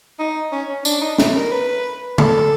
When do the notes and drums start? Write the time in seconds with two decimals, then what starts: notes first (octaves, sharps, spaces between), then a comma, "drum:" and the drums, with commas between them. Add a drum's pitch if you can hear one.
0.19 D#4
0.52 C#4
0.69 C#4
0.85 D4, drum: tambourine
1.02 D#4
1.18 E4, drum: snare
1.35 A#4
1.52 B4
2.18 A4, drum: tom